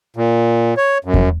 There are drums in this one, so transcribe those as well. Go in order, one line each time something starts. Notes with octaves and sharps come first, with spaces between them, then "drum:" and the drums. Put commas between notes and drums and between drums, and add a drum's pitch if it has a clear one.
A#2
C#5
F#2
drum: kick E2